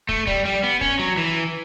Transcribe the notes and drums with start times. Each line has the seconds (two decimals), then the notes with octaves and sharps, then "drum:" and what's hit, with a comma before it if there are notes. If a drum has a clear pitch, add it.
0.09 A3, drum: kick
0.27 G3, drum: kick
0.45 G3
0.63 B3
0.81 C#4, drum: kick
0.99 F#3
1.17 E3